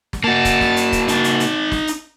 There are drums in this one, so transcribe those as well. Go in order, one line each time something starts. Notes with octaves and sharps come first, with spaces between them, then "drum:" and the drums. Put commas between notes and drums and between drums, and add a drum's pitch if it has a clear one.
drum: snare
A#3 F#4 A5
drum: kick, hi-hat
drum: snare
drum: hi-hat
drum: kick, hi-hat
D#4 A5, drum: hi-hat
drum: hi-hat
drum: hi-hat
drum: snare
drum: hi-hat